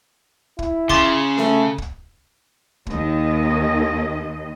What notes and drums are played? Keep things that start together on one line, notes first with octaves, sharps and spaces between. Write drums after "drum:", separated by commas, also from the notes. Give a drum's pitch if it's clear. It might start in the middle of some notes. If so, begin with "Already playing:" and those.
E4, drum: kick
C#3 C6 D6 A6, drum: kick
A3, drum: snare C#4
drum: kick
D#2 D#3 D#5, drum: kick